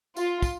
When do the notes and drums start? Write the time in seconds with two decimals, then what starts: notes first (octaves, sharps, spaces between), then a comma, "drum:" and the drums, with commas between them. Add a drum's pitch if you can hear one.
0.17 F4, drum: tambourine
0.42 drum: kick, tambourine